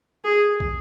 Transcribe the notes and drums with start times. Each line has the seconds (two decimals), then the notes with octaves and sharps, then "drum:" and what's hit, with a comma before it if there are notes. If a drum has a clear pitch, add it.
0.24 G#4
0.60 drum: kick